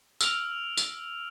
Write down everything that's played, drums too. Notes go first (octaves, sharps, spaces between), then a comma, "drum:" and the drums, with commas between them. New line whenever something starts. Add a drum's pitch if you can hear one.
E6 F6 D7 F7, drum: tambourine
drum: tambourine